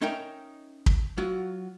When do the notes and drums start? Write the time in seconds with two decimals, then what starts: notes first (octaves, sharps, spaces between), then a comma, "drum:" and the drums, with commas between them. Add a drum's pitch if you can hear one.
0.02 C#4 D#4 A#4 E5 G5
0.86 drum: kick
1.18 F#3 F4 F#4